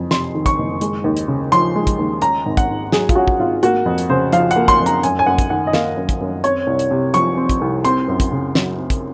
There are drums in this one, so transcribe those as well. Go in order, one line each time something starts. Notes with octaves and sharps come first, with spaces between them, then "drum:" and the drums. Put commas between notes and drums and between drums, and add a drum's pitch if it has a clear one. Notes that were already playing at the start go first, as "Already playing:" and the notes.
Already playing: F#1 F2
C3 C6, drum: snare
D#3
C#6, drum: kick, hi-hat
F#1
G#3, drum: hi-hat
D#2
drum: hi-hat
C#3
F3 C6, drum: hi-hat
G#3
drum: kick, hi-hat
D#2
C#4 A#5, drum: hi-hat
G#1
F#5, drum: kick, hi-hat
G#2
F#3 G#4, drum: snare
F4, drum: kick, hi-hat
C#4 F#4
drum: kick
G#1 F4
A#3 F#4, drum: hi-hat
F2
drum: hi-hat
C#3 C5
F3 F5, drum: hi-hat
F#5, drum: hi-hat
A#3
C6, drum: kick, hi-hat
F2
A#5, drum: hi-hat
F#2 G#5, drum: hi-hat
G#5
F#2 F#5
drum: kick, hi-hat
D#3 F#5
D#5
A#3 F5, drum: snare
F#2
drum: kick, hi-hat
F#2
C4 C#5, drum: hi-hat
C2
drum: hi-hat
C3
F3 C#6, drum: hi-hat
C4
drum: kick, hi-hat
C2
C4 C6, drum: hi-hat
F#2
drum: kick, hi-hat
C#3
F#3, drum: snare
C4
drum: kick, hi-hat